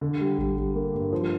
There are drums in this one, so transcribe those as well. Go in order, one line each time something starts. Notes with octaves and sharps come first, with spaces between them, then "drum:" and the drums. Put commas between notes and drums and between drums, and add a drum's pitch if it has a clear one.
D3
G3
G3, drum: kick A1
G3
A#3
G2
F3